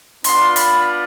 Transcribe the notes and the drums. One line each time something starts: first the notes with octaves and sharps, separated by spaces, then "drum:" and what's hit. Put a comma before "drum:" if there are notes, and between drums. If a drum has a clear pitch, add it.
B3 D4 F4 C6, drum: hi-hat
B5, drum: hi-hat